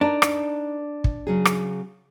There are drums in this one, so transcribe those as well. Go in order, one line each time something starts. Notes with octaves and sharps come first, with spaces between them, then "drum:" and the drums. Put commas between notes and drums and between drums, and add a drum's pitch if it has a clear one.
D4 D#4 A#4
drum: rim click
drum: kick
C#3 F#3 G#4
drum: rim click